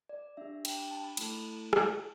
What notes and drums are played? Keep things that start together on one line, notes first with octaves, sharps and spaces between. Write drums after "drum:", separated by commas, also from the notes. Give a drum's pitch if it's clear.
D5
D4 G4 E5
G5, drum: cymbal
A5
B5
A3 E4 A4 A5, drum: cymbal
drum: rim click